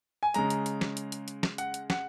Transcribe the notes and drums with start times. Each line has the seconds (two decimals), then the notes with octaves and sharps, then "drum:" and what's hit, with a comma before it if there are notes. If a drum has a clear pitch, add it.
0.23 G#5
0.34 C#3 G#3 A#5, drum: hi-hat
0.50 drum: hi-hat
0.66 drum: hi-hat
0.81 drum: snare
0.97 drum: hi-hat
1.12 drum: hi-hat
1.28 drum: hi-hat
1.43 drum: snare
1.58 F#5, drum: hi-hat
1.74 drum: hi-hat
1.90 F#5, drum: snare